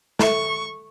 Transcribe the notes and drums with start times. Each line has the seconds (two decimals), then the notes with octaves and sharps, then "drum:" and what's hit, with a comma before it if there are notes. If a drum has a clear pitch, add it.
0.19 A4 E5 C#6, drum: snare